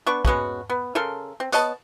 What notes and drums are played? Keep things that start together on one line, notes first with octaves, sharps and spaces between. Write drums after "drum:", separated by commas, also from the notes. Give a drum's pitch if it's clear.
B3 D4 C#6
G#3 B3 C#4 F#4, drum: kick
B3
C#3 A4 A#4 C6
C4
B3 C#5 D#5 A5, drum: hi-hat